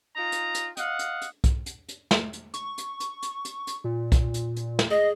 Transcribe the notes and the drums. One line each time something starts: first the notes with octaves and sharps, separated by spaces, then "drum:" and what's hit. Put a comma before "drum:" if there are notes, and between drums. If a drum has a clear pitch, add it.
D#4 F4 A#5
drum: hi-hat
drum: hi-hat
D#5 F5 F#5, drum: hi-hat
drum: hi-hat
drum: hi-hat
drum: kick B1, hi-hat
drum: hi-hat
drum: hi-hat
drum: snare
drum: hi-hat
C#6, drum: hi-hat
drum: hi-hat
drum: hi-hat
drum: hi-hat
drum: hi-hat
drum: hi-hat
A#2
drum: kick B1, hi-hat
drum: hi-hat
drum: hi-hat
drum: snare
G#4 D#5